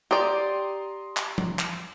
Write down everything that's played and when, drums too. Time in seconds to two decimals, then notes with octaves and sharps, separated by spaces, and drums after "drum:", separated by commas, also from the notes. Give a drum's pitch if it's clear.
0.11 G4 D5 A#5 C6 D#6
1.17 drum: clap
1.38 drum: tom F3
1.59 drum: clap